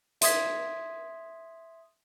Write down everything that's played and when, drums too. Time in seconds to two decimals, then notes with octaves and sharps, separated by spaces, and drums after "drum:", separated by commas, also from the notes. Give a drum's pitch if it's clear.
0.21 E5 C6 D#6 G#6 B6, drum: hi-hat